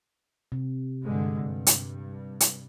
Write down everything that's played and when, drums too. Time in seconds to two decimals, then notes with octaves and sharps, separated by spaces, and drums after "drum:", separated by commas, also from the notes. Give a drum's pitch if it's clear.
0.52 C3
1.04 G2 D3 G#3
1.42 G2
1.67 drum: hi-hat
2.40 drum: hi-hat